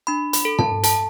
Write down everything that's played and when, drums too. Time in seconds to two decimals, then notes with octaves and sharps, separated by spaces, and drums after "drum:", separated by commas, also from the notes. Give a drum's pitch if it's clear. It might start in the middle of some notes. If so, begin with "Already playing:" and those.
0.07 D4 B5
0.33 B5, drum: hi-hat
0.45 A4
0.59 A5, drum: tom
0.83 A4 A5, drum: hi-hat